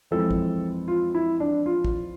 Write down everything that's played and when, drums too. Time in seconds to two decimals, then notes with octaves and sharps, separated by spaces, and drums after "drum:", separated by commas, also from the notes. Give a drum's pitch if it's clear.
0.11 F2 E3 G#3 C4 A4
0.31 drum: kick
0.88 F4
1.15 E4
1.40 D4
1.66 F4
1.85 drum: kick